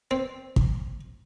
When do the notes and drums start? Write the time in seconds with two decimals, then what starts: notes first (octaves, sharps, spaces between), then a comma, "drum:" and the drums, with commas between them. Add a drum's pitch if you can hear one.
0.11 C4
0.56 drum: kick